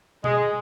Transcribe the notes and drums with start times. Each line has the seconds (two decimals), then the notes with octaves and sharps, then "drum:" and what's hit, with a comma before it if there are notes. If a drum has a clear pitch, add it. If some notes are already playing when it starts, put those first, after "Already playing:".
0.24 G#3, drum: tom B2